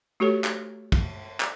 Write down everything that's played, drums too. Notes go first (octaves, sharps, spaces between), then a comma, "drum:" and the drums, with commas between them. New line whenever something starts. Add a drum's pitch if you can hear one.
A3 F#4 G4 A4 C#5
drum: clap
drum: kick, cymbal
drum: clap